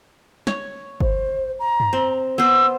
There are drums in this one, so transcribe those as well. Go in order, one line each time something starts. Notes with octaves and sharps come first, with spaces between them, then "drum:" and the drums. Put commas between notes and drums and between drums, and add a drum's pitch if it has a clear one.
C#5, drum: snare
C5, drum: kick G1
A#5
drum: tom
C4
B3 C5 E6